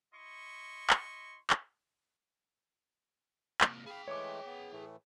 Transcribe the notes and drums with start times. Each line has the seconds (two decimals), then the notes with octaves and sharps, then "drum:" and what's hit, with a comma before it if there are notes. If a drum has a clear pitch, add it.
0.14 E4 D#5 C6 C#6
0.90 drum: clap
1.50 drum: clap
3.61 C3 A#3, drum: clap
3.86 G#4 F5 G5 B5
4.08 E3 G#3 A3 C#5 D6
4.46 B3
4.72 A2 E3 A3